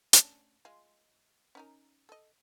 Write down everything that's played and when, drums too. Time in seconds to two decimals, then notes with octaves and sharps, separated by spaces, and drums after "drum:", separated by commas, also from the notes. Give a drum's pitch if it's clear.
0.13 A3 C#4 D4, drum: hi-hat
0.65 G#3 F4
1.55 C#4 D#4 A#4
2.09 A4 D#5